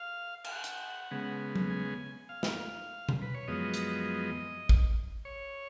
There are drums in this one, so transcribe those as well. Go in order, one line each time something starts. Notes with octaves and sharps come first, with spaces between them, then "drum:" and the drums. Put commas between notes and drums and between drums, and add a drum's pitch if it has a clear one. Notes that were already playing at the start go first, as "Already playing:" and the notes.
Already playing: F5
F5, drum: cymbal
F#5
drum: hi-hat
C#3 G#3 B3
drum: tom F#3
G#5
F5
drum: snare
drum: tom B2
B4
C#5
F#2 F3 G#3 B3 D#5
drum: hi-hat
drum: kick
C#5